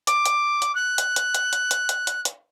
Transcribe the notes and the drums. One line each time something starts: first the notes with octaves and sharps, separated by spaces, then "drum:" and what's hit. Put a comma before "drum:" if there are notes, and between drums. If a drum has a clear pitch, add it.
D6, drum: hi-hat
drum: hi-hat
drum: hi-hat
F#6
drum: hi-hat
drum: hi-hat
drum: hi-hat
drum: hi-hat
drum: hi-hat
drum: hi-hat
drum: hi-hat
drum: hi-hat